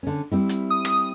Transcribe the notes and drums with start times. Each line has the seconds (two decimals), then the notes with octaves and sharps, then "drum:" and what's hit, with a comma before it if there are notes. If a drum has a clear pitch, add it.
0.03 D3 C#4
0.32 G3 C4 E4
0.49 drum: hi-hat
0.70 D#6
0.85 drum: rim click